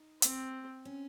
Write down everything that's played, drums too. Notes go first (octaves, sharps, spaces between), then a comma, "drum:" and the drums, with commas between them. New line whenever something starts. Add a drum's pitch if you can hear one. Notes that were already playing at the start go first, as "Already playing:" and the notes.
Already playing: D#4
C4, drum: hi-hat
C#4